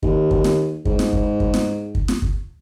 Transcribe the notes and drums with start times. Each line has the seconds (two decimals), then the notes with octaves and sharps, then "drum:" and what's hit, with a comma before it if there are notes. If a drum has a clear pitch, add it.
0.03 D#2, drum: kick
0.31 drum: kick
0.44 drum: snare
0.85 G#2, drum: kick
0.99 drum: snare
1.13 drum: kick
1.40 drum: kick
1.54 drum: snare
1.95 drum: kick
2.08 drum: snare
2.22 drum: kick